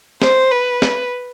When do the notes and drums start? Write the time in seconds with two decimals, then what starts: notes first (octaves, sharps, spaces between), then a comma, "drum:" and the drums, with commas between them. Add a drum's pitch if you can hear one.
0.22 C5, drum: snare
0.51 B4
0.82 drum: snare